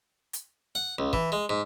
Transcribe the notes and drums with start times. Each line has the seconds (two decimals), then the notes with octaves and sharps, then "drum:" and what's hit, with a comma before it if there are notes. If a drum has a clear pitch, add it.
0.33 drum: hi-hat
0.75 F#5
0.99 C#2
1.13 E3, drum: kick
1.32 G#3
1.49 G#2